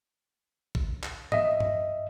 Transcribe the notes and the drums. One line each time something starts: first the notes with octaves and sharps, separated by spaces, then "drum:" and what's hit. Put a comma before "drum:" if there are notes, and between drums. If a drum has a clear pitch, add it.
drum: kick
drum: clap
D#5 E5, drum: tom G#2
drum: tom G2